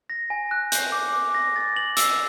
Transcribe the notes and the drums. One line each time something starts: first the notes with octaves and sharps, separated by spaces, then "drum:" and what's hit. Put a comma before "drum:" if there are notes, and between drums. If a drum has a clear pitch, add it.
A#6
G#5
F#6
G6, drum: hi-hat
D6
D6
A#6
A6
F#7
E6, drum: hi-hat